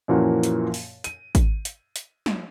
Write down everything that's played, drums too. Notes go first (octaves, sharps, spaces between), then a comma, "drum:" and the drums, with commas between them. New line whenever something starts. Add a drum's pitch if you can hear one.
F#2 A#2 E3 F3 A#3 F#4
drum: hi-hat
drum: open hi-hat
D#7, drum: hi-hat
drum: kick G#1, hi-hat
drum: hi-hat
drum: hi-hat
drum: snare